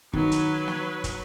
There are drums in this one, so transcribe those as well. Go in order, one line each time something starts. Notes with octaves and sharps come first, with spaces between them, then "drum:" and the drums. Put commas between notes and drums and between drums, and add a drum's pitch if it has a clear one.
D#3 F#3 B4, drum: kick
drum: hi-hat
drum: snare
drum: kick, hi-hat